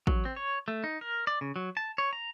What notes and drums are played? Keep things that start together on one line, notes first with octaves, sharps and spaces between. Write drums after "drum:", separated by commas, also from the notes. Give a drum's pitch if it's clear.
F#3, drum: kick
C4
C#5
A3
D#4
A#4
D5
C#3
F#3
A5
C#5
A#5